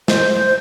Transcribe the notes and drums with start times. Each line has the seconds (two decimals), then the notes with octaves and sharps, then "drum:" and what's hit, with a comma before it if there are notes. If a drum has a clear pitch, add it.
0.08 C5, drum: snare